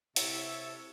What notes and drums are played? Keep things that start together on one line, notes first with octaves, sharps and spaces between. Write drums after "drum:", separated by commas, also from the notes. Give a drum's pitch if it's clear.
C3 E4 A4 C#5 E5, drum: hi-hat